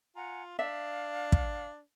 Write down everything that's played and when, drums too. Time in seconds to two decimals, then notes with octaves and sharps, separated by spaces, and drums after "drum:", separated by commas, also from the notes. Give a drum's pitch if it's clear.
0.16 F4 F#5 G#5 A#5
0.59 D4 E5 F5
1.32 drum: kick